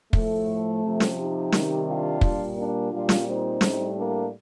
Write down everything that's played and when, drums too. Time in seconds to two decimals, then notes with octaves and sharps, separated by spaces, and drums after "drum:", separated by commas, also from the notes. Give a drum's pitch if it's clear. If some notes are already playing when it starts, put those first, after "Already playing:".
0.13 A2 F3 A3, drum: kick
0.82 C3 F3
1.00 drum: snare
1.18 D#4 G4
1.52 C3 D#3 G3, drum: snare
1.87 D4 F4
2.21 A#2 G3, drum: kick
2.56 A#3 D4
2.91 A#2 G3 D4 F4
3.09 drum: snare
3.26 C4 D#4
3.61 A2 G3, drum: snare
3.95 A#3 D4